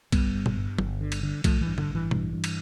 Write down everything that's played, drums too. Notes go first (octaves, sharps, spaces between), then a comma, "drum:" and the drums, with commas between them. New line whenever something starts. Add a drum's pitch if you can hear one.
G1 G3 B3, drum: kick B1, cymbal
G2
drum: tom
G2
G1, drum: tom
D3
drum: cymbal
D3
A1 F3 A3, drum: kick B1, cymbal
E3
G2
D3, drum: tom G2
A1
E3
G2, drum: tom B2
G2
drum: cymbal